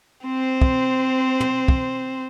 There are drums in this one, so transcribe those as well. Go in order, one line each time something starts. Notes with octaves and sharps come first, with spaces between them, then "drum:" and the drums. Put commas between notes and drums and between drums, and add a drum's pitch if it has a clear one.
C4 C5
drum: kick
drum: tom
drum: kick